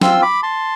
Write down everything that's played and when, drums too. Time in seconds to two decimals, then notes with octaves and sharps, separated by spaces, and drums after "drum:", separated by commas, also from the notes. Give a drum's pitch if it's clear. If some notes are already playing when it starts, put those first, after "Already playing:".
0.01 C4 F4 C6 E6, drum: snare
0.22 B5 D6
0.43 A5 C6